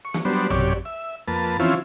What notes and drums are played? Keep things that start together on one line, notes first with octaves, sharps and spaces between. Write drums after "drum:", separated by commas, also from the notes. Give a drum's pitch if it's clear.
C#6
drum: snare
F#3 G3 B3 D4 C5
F#2 C3 G4 C#5 D5, drum: tom A1
E5
F2 A#3 B4 A5
E3 F3 C4 C#4 E4 F4